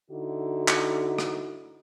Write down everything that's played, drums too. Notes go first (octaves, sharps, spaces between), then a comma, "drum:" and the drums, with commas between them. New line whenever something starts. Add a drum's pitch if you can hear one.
D3 D#4 E4 F#4
drum: clap
drum: rim click